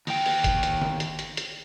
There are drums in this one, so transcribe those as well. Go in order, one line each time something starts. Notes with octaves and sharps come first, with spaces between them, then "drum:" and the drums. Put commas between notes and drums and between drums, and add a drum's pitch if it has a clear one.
D#2 G5, drum: open hi-hat
drum: open hi-hat
drum: kick, hi-hat
drum: hi-hat
drum: snare
drum: hi-hat
drum: hi-hat
drum: hi-hat